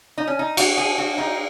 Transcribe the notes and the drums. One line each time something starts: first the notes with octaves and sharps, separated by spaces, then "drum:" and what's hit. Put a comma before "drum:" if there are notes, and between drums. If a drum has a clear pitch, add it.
D#4
C#4
D#4
F#4, drum: cymbal
G#4
F#4
D#4